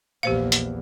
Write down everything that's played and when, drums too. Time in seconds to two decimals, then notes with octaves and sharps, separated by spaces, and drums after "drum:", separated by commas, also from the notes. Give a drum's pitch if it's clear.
0.23 A#1 E2 G4 C5 F5
0.52 drum: hi-hat